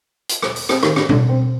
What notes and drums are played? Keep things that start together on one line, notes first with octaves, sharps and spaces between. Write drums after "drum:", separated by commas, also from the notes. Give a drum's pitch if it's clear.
drum: hi-hat
drum: rim click
drum: open hi-hat
C4, drum: rim click
D#3, drum: rim click
D3, drum: rim click
D3, drum: tom
C4